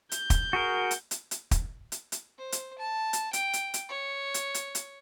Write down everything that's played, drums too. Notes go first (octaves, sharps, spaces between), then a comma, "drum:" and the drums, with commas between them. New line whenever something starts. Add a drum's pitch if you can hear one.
G6, drum: hi-hat
drum: kick, hi-hat
F#4 G#4 A#4
drum: hi-hat
drum: hi-hat
drum: hi-hat
drum: kick, hi-hat
drum: hi-hat
drum: hi-hat
C5
drum: hi-hat
A5
drum: hi-hat
G5, drum: hi-hat
drum: hi-hat
drum: hi-hat
C#5
drum: hi-hat
drum: hi-hat
drum: hi-hat